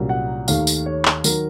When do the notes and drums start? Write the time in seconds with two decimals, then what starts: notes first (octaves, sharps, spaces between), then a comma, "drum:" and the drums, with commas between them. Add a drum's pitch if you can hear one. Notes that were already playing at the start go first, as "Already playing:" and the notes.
Already playing: C2 A#2 F#3 A#3 C#4
0.09 F#5
0.48 D#2 D#3 A3 F5, drum: tambourine
0.67 drum: tambourine
0.86 C#5
1.05 drum: clap
1.24 D#3 F#3 A#4, drum: tambourine